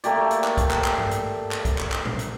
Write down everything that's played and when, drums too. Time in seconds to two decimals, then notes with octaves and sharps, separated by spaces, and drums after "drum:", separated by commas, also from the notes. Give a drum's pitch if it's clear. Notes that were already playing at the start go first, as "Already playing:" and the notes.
0.04 A3 A#3 G4 D5, drum: hi-hat
0.31 drum: hi-hat
0.44 drum: clap
0.57 drum: kick, hi-hat
0.71 drum: clap
0.84 drum: clap
0.98 drum: tom G2
1.11 drum: hi-hat
1.52 drum: clap
1.65 drum: kick, hi-hat
1.78 drum: clap
1.92 drum: clap
2.05 drum: tom A2
2.19 drum: hi-hat